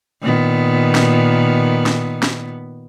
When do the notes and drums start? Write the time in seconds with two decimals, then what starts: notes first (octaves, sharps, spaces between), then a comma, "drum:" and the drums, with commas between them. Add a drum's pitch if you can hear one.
0.22 A#2 D#3 B3
0.95 drum: snare
1.86 drum: snare
2.23 drum: snare